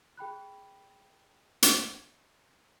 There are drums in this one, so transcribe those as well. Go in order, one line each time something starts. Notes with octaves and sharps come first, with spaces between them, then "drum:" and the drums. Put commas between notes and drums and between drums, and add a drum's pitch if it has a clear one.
G#4 G5 B5 F#6
drum: hi-hat